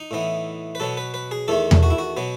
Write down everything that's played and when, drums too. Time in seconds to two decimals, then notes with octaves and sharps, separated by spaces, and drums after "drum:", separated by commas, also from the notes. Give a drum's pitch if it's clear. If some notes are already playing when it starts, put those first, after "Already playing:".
Already playing: D#4
0.11 A2 E3 B3
0.75 B4
0.80 B2 F#3 B3 A4
0.97 B4
1.14 B4
1.31 G#4
1.48 E2 D#3 A3 A4
1.71 drum: tom E2
1.83 F#4
1.90 E4
1.98 F#4
2.17 B2 F#3 B3